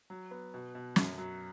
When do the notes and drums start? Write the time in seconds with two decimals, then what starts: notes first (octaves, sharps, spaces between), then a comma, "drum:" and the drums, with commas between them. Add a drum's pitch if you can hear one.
0.10 F#3
0.31 B3
0.54 B2
0.75 B2
0.96 F#2, drum: snare
1.18 F#3